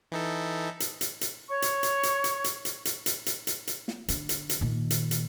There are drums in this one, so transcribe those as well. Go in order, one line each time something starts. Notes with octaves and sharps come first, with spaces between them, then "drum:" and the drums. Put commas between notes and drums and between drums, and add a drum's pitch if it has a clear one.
E3 D#4 A4
drum: hi-hat
drum: hi-hat
drum: hi-hat
C#5 C#6
drum: hi-hat
drum: hi-hat
drum: hi-hat
drum: hi-hat
drum: hi-hat
drum: hi-hat
drum: hi-hat
drum: hi-hat
drum: hi-hat
drum: hi-hat
drum: hi-hat
drum: snare
D3, drum: hi-hat
drum: hi-hat
drum: hi-hat
A#2 D#3
drum: hi-hat
drum: hi-hat